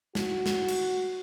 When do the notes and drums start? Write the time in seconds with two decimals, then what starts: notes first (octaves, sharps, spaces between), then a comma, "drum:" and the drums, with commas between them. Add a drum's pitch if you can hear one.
0.15 F#4, drum: snare
0.46 drum: snare
0.68 drum: cymbal